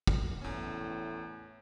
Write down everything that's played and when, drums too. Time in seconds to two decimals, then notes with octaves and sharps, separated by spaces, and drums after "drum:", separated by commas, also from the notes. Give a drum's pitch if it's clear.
0.07 drum: kick
0.42 E2 A2 C#4